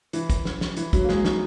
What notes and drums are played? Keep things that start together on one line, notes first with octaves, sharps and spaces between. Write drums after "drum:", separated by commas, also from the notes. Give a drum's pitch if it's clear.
E3, drum: hi-hat
drum: kick, hi-hat
drum: snare
drum: snare
E3, drum: hi-hat
F#3, drum: kick, hi-hat
A#3
G#3, drum: snare
D#4, drum: snare